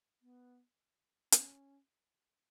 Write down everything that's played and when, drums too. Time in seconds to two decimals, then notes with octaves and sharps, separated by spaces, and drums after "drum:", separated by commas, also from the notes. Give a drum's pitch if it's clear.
0.22 B3
1.32 C#4, drum: hi-hat